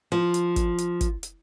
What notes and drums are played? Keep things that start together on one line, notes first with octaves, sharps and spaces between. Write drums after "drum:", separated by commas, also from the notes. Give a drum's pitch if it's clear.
F3
drum: hi-hat
drum: kick, hi-hat
drum: hi-hat
drum: kick, hi-hat
drum: hi-hat